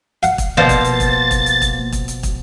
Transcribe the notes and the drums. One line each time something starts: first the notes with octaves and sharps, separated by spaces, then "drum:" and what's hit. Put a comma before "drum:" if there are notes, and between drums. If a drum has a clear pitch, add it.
F5 F#5, drum: hi-hat
drum: kick, hi-hat
B2 F3 A#3 C5 D5 F5 A6
drum: kick, hi-hat
drum: hi-hat
drum: kick, hi-hat
drum: kick, hi-hat
drum: hi-hat
drum: kick, hi-hat
drum: kick, hi-hat
drum: hi-hat
drum: kick, hi-hat